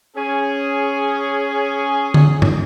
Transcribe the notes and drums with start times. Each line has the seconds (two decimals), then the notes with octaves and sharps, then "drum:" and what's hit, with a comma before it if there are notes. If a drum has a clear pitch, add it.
0.16 C#4 G#4
2.14 drum: tom D3
2.42 drum: tom G2